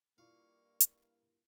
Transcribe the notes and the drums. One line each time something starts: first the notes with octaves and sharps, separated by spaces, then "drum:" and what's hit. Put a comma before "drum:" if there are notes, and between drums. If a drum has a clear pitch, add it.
G2 A#3 E4 F4 D5 F5 C#6 C#7
drum: hi-hat